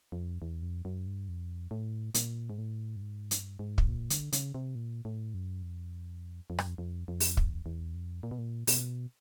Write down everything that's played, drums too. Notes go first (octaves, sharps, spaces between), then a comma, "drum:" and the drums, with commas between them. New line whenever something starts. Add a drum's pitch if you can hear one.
F2
E2
F2
F#2
G2
F2
A2
A#2, drum: hi-hat
G#2
A2
G2
G#2
G2, drum: hi-hat
G#2
drum: kick
A#2
D3, drum: hi-hat
C#3, drum: hi-hat
C3
A#2
A2
F#2
F2
F2
F#2, drum: rim click
F2
F2
F2
drum: open hi-hat
E2, drum: kick
E2
F2
A#2
B2
A#2
B2, drum: open hi-hat